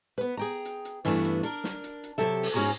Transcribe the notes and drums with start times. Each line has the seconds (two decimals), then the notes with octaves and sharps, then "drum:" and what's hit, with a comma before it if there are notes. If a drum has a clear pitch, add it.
0.18 B3 B4
0.37 G#4 G5 A#5
0.65 drum: hi-hat
0.85 drum: hi-hat
1.05 G2 E3 A3 B3 D4 F#4, drum: hi-hat
1.24 drum: hi-hat
1.43 D4 A#4, drum: hi-hat
1.64 drum: snare
1.84 drum: hi-hat
2.03 drum: hi-hat
2.18 C3 F#3 G4 A4 E5
2.43 drum: open hi-hat
2.54 G#2 C#4 F#4 G#4 A#5